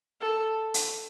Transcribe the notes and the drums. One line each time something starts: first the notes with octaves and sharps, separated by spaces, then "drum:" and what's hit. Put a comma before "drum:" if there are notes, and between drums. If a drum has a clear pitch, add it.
A4
drum: hi-hat